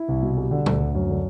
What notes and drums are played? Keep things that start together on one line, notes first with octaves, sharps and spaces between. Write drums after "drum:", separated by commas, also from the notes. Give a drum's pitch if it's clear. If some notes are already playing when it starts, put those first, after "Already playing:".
Already playing: E4
C2
B2
G3
D3
D2, drum: tom A#2
D2
F#2
D3